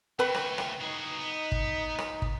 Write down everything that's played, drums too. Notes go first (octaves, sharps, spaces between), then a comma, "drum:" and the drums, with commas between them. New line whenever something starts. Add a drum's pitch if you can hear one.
A3 F#4 B4 G5 B5
drum: rim click
drum: rim click
D#4 F#4 G#4
B3
drum: kick
drum: rim click
drum: kick